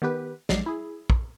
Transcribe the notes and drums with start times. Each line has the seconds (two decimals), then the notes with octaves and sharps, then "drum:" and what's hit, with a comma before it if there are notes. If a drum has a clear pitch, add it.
0.02 D#3 B3 G4 B4
0.49 A#1 F#3 G#3 D5 C7, drum: snare
0.66 E4 G#4
1.10 drum: kick